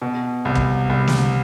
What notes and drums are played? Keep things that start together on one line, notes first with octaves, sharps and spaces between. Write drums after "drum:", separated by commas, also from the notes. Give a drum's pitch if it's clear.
B2
C2
drum: kick
C2
drum: snare